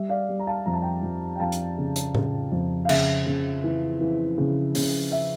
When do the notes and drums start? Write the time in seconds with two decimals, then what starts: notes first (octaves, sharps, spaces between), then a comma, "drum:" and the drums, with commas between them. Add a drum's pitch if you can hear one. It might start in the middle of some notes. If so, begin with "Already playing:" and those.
Already playing: G3 E5
0.09 D5 F5
0.29 G3
0.39 A#5
0.47 F5 A5
0.66 F2 A#5
0.73 A5
0.82 G5 A#5
1.03 F2
1.36 G5
1.40 F2 F5 A5
1.52 drum: hi-hat
1.78 C#3
1.96 drum: hi-hat
2.15 C#3, drum: tom A2
2.52 F2
2.85 F5
2.89 C#3 E5, drum: cymbal
3.26 C#3
3.64 E3
4.01 E3
4.38 C#3
4.75 C#3, drum: open hi-hat
5.12 E5